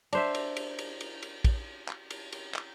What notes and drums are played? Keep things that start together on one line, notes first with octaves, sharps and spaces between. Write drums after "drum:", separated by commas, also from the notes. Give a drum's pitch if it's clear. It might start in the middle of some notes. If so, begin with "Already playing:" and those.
D4 C5 E5, drum: cymbal
drum: cymbal
drum: cymbal
drum: cymbal
drum: cymbal
drum: cymbal
drum: kick, cymbal
drum: clap
drum: cymbal
drum: cymbal
drum: clap